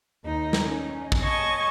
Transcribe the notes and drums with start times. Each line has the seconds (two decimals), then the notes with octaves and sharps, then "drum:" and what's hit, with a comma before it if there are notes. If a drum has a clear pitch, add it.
0.24 D#2 D#4
0.53 drum: snare
0.65 C#4 D#4
1.12 drum: kick
1.21 C#5 D#5 G#5 A5 C#6